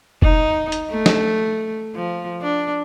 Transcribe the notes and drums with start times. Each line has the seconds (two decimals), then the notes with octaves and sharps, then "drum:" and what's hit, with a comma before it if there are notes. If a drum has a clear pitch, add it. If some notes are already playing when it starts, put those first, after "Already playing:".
0.22 D#4, drum: kick F1
0.72 drum: hi-hat
0.90 A3
1.06 drum: snare
1.96 F3
2.42 D4